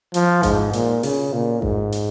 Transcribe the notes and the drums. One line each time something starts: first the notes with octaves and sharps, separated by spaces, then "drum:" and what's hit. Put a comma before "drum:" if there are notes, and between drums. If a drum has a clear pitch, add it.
F3, drum: hi-hat
G#2, drum: kick A1, hi-hat
A#2, drum: hi-hat
C#3, drum: open hi-hat
A#2
G#2, drum: kick A1
drum: hi-hat